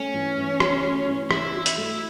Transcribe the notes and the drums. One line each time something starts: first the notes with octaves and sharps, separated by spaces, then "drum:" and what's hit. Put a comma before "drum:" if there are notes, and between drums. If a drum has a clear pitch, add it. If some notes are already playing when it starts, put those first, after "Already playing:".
Already playing: A3 C#4
E3
E3
F#4, drum: rim click
A3
E3
E3 E4, drum: rim click
F#4
E4, drum: hi-hat
A3